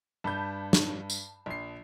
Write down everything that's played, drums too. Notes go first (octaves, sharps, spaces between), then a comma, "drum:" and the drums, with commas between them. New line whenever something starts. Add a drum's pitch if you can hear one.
G2 A5 B5 G6
drum: snare
drum: tambourine
A#1 C7